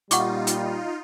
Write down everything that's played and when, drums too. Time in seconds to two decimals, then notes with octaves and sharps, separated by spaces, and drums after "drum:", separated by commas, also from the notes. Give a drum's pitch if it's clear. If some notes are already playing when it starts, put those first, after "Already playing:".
0.11 A#2 G3 D#4 F4 F#5 C#6 D6, drum: hi-hat
0.47 drum: hi-hat